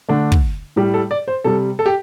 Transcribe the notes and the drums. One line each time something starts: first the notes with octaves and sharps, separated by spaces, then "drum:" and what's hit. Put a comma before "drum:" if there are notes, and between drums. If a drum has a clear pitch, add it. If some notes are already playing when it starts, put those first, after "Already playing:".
D3 A3 D4
drum: kick
A2 G3 G4
A4
D5
C5
C3 G3 A4
A4
G4